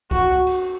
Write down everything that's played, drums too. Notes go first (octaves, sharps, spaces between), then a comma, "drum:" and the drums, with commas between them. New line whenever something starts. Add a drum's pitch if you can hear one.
F#4, drum: kick C#2
drum: cymbal